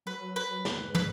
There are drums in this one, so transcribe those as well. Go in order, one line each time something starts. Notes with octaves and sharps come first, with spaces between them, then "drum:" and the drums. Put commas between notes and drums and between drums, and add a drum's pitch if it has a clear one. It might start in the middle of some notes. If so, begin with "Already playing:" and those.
F#3 B4
B4
B2, drum: snare
F#2
G#2
B4, drum: tom